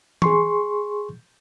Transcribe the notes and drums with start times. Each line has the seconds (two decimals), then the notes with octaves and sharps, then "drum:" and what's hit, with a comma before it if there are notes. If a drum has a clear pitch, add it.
0.22 G#4 C6 C#6, drum: tom E3